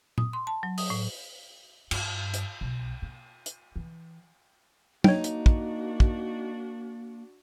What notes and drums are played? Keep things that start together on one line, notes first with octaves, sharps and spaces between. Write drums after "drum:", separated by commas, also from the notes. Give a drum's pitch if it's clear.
D#6, drum: tom A#2
C6
A5
F#3
D#6, drum: open hi-hat
A2
G2, drum: cymbal
drum: hi-hat
B1
A#3
drum: hi-hat
E3
A#3 D4 D#4 F#4 C#5 G5, drum: tom
drum: hi-hat
drum: kick
drum: kick